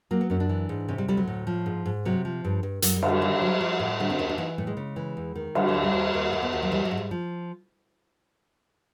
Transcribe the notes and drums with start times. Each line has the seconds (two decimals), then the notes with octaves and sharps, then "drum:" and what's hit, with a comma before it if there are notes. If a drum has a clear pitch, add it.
0.11 F#3 A#3
0.21 B3
0.30 F#2 C#4
0.40 D4
0.49 E3
0.69 G#2
0.88 C3 C#4
0.98 G3
1.08 D2 G3
1.17 F#3
1.27 A2
1.47 F3
1.66 G#2
1.86 G#2
2.05 C3 F#3
2.25 F3
2.44 G2
2.63 G2
2.82 F#2 F#3, drum: hi-hat
2.97 G3
3.03 D3, drum: cymbal
3.08 G3
3.22 D#3 G3
3.42 F#3
3.61 F3
3.80 A2
4.00 D3 G3
4.10 C4
4.19 D#2 C#4
4.29 D4
4.38 E3 D#4
4.58 A2 A3
4.67 G#3
4.77 C#3
4.96 E3
5.17 E2
5.35 D#3
5.55 D3 G3, drum: cymbal
5.68 F#3
5.74 D2
5.83 G3
5.93 D#2
6.14 D#2
6.33 D#2 A3
6.42 B3
6.53 D#2
6.63 F#3
6.72 E3 G3
6.85 F#3
6.91 G#2
6.98 G3
7.11 F3